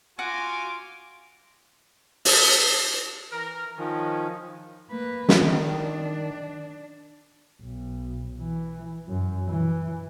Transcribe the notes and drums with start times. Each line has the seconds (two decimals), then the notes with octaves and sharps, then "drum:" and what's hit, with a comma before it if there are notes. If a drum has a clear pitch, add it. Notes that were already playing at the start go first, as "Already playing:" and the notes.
0.19 F4 F#4 G#5 D6
2.25 drum: open hi-hat
3.32 E3 A#4
3.78 D#3 F3 G#3 C#4
4.90 A#3 B4
5.29 drum: snare
5.42 D#3 D4
7.62 B1
8.39 E3
9.08 F#2
9.48 E3